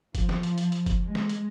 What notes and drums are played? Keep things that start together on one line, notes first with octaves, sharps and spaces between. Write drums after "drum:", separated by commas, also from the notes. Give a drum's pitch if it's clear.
F3, drum: kick, hi-hat
drum: snare
drum: hi-hat
drum: hi-hat
drum: hi-hat
drum: kick, hi-hat
G#3
drum: snare
drum: hi-hat